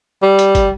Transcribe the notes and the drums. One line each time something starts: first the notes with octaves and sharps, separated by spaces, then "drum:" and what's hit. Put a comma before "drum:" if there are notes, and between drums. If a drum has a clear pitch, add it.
G3
drum: hi-hat
drum: kick, hi-hat